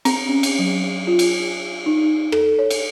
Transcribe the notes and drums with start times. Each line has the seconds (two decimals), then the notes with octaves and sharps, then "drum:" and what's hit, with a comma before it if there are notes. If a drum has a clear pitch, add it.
0.05 C4, drum: cymbal
0.29 C#4
0.43 drum: cymbal
0.59 F#3
1.07 F4
1.19 drum: cymbal
1.86 D#4
2.32 A4, drum: rim click
2.59 C#5
2.70 drum: cymbal